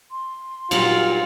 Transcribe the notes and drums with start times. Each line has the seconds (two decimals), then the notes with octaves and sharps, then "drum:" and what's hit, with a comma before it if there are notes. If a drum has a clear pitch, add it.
0.11 C6
0.71 A#2 F#3 G3 F4, drum: cymbal